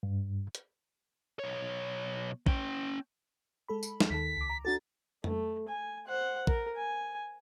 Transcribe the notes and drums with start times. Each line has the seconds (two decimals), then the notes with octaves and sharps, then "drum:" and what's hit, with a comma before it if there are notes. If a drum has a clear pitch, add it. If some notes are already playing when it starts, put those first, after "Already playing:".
0.03 G2
0.55 drum: hi-hat
1.39 B1 C#5
2.47 C#4 G5, drum: kick
3.68 G#3 A4 B5
3.83 drum: tambourine
4.00 drum: snare
4.10 D#2 D#3 A5 B6
4.36 C#2 D6
4.50 A#5
4.65 D4 F#4 A4 A6
5.24 A3, drum: tom
5.68 G#5
6.07 C5 F#5
6.47 A#4, drum: kick
6.77 G#5